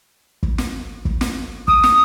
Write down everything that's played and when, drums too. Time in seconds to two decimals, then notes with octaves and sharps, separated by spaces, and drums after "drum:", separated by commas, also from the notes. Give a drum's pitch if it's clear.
0.43 drum: kick
0.58 drum: snare
1.05 drum: kick
1.21 drum: snare
1.68 D#6, drum: kick
1.83 drum: snare